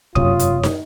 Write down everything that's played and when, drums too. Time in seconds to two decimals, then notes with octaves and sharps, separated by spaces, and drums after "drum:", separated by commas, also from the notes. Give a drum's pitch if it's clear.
0.15 E1 F#2 C3 A#3 F4 C#5 D#6, drum: kick
0.39 drum: hi-hat
0.63 drum: snare